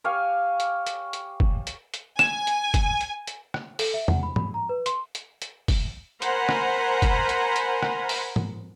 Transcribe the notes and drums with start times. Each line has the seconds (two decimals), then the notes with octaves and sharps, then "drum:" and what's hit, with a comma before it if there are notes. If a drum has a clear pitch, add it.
0.04 G4 C#5 F5 G#5
0.60 drum: hi-hat
0.87 drum: hi-hat
1.13 drum: hi-hat
1.40 drum: kick
1.67 drum: hi-hat
1.94 drum: hi-hat
2.19 G#5 E7, drum: rim click
2.47 drum: hi-hat
2.74 drum: kick, hi-hat
3.01 drum: hi-hat
3.27 drum: hi-hat
3.54 drum: rim click
3.79 A4, drum: open hi-hat
3.94 E5
4.08 F#5, drum: tom
4.23 B5
4.36 B5, drum: tom
4.54 A#5
4.69 B4
4.86 C6, drum: hi-hat
5.15 drum: hi-hat
5.42 drum: hi-hat
5.68 drum: kick, open hi-hat
6.22 A#4 C5 F#5 G#5 A#5 B5, drum: hi-hat
6.49 drum: rim click
7.02 drum: kick, hi-hat
7.29 drum: hi-hat
7.56 drum: hi-hat
7.83 drum: rim click
8.09 drum: open hi-hat
8.36 drum: tom